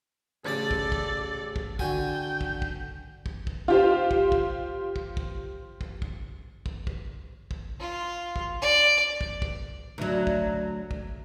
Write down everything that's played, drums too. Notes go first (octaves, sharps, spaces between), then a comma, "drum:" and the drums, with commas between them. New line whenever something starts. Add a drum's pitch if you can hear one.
A1 C#3 A4 D5 D6
drum: kick
drum: kick
drum: kick
D3 F#4 G5 G#5, drum: kick
drum: kick
drum: kick
drum: kick
drum: kick
F4 G4 C5
drum: kick
drum: kick
drum: kick
drum: kick
drum: kick
drum: kick
drum: kick
drum: kick
drum: kick
F4
drum: kick
D5
drum: kick
drum: kick
D2 F#3
drum: kick
drum: kick